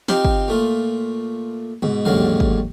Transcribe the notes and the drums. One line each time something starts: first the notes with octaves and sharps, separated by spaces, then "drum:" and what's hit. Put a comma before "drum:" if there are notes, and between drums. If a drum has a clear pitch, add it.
C4 D#4 F4 G4 C5 F5, drum: snare
drum: kick
A#2 A3 F4
G#2 B2, drum: tom
A1 D#2 G#2 D3 F#3 F5, drum: tom
drum: kick